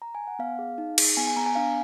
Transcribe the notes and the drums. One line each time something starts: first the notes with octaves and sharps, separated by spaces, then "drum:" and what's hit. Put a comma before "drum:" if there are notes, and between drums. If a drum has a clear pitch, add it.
A#5
G#5
F#5
B3 F5
G#4
D#4
G#4, drum: cymbal
B3 G#5
G#5
B3 A#5
G#5
D4 F5